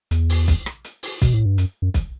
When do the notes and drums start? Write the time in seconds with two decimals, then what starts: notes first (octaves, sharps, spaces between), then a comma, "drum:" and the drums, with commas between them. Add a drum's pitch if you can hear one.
0.11 E2, drum: hi-hat
0.30 drum: open hi-hat
0.48 drum: kick, hi-hat
0.66 drum: rim click
0.84 drum: hi-hat
1.03 drum: open hi-hat
1.22 B2, drum: kick, hi-hat
1.34 A2
1.46 G2
1.58 F#2, drum: hi-hat
1.82 F#2
1.94 drum: kick, hi-hat